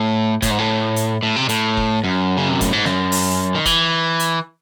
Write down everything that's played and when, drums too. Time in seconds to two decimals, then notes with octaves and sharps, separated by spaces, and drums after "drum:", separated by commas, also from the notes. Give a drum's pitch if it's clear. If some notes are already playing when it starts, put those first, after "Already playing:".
Already playing: A2
0.42 A2, drum: kick F#1, hi-hat
0.50 G#2
0.58 A2
0.96 drum: hi-hat
1.23 A2
1.36 C3
1.49 A2, drum: hi-hat
1.77 drum: kick F#1
2.04 F#2
2.37 C#3
2.49 C3
2.61 A2, drum: kick F#1, hi-hat
2.73 G#2
2.85 F#2, drum: snare
3.12 drum: open hi-hat
3.55 D#3
3.65 E3, drum: kick F#1, hi-hat
4.20 drum: hi-hat